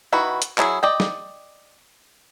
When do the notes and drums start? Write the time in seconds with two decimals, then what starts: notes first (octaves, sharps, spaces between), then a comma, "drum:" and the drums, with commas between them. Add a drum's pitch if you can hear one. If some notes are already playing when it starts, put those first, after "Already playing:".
0.12 D#3 E4 F#4 B4
0.42 drum: hi-hat
0.58 F#3 E4 G#4, drum: clap
0.83 D5 D#5 G5
1.00 drum: snare